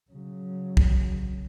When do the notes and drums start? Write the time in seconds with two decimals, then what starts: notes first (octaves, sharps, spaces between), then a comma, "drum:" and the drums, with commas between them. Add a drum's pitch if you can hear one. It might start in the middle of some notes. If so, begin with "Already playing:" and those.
0.11 C#3 F#3
0.77 drum: kick